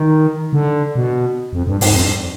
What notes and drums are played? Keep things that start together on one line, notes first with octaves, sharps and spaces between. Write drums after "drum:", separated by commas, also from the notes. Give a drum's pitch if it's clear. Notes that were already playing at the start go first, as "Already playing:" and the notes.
Already playing: D#3
D3
B2
F2
G2
G#2, drum: open hi-hat
F2
G2